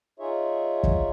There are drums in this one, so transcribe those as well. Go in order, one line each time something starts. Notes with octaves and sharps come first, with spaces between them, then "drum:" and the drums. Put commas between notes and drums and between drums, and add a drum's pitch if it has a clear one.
D#4 F4 G#4 C#5 E5
drum: kick